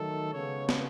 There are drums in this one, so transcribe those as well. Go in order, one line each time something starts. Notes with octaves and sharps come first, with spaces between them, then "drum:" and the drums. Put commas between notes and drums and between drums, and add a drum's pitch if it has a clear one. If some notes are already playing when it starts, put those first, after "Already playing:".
Already playing: D#3 F#3 A3 A4
C#3 G#3 B3 C#5
drum: snare